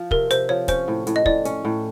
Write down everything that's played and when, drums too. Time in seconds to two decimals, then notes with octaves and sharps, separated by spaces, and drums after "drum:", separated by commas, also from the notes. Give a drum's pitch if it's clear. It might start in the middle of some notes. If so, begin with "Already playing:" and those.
Already playing: F3
0.11 C3 A#4, drum: kick
0.31 C3 C5, drum: hi-hat
0.49 F3 C#5
0.68 C#4 C5, drum: kick, hi-hat
0.88 A2
1.07 A2, drum: hi-hat
1.16 D#5
1.26 A2 D5, drum: kick
1.45 C#4, drum: hi-hat
1.65 A2